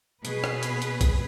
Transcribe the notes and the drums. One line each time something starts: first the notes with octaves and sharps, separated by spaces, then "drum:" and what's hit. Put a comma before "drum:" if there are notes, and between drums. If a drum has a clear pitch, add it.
B2 G#4 B4, drum: hi-hat
drum: rim click
drum: hi-hat
drum: hi-hat
drum: kick, hi-hat